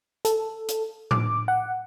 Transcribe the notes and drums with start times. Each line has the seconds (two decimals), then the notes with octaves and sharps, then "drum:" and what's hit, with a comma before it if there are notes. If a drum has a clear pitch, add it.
0.25 A4, drum: hi-hat
0.68 drum: hi-hat
1.11 D6, drum: tom A2
1.48 F#5